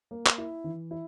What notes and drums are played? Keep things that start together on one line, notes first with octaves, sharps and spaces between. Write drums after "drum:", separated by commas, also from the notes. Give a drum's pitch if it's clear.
A#3
drum: clap
E4
E3
E4